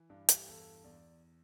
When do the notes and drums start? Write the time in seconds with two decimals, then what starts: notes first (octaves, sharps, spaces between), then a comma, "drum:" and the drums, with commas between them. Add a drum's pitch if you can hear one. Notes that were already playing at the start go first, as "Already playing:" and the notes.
Already playing: E3
0.10 G2 D4
0.29 G4, drum: hi-hat
0.48 E2 A4
0.84 E2 D5